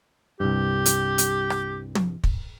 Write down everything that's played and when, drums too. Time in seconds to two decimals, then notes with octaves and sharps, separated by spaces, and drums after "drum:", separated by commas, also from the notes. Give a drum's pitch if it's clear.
0.40 C2 G2 G4
0.86 drum: hi-hat
1.18 drum: hi-hat
1.50 drum: rim click
1.95 drum: tom
2.24 drum: kick